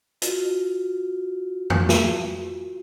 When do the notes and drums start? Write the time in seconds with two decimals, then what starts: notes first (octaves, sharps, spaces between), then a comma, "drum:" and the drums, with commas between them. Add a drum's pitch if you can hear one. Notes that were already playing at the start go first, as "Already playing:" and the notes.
0.22 F4 F#4, drum: hi-hat
1.70 drum: tom F2
1.89 drum: snare